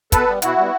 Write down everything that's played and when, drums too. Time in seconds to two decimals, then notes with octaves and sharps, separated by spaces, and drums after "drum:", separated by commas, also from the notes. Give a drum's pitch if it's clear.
0.12 B2 A4 B4, drum: kick, hi-hat
0.27 G3 B3
0.42 B2 E4 F#4, drum: hi-hat
0.57 G3 B3